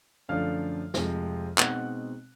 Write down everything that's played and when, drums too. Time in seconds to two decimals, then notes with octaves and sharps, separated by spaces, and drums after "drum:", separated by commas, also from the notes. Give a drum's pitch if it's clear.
0.29 F#2 D3 F3 A3 D4 F5 F6
0.94 F2 C3 F3 G#3, drum: snare
1.58 B2 G#3 C4 D#4 F#5 F#6, drum: clap